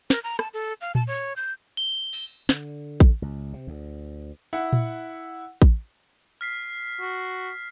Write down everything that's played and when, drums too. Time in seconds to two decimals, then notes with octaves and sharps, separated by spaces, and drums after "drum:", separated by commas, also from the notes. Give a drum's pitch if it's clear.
0.10 A#4, drum: snare
0.24 A#5
0.39 A5, drum: rim click
0.54 A4
0.81 F5
0.95 A5, drum: tom A#2
1.08 C#5
1.36 G6
1.77 G7
2.13 drum: open hi-hat
2.49 D3, drum: snare
3.00 drum: kick A1
3.22 C#2
3.53 C3
3.67 D2
4.53 E4 F#5
4.73 drum: tom A#2
5.62 drum: kick A1
6.41 F6 B6 C7
7.00 F#4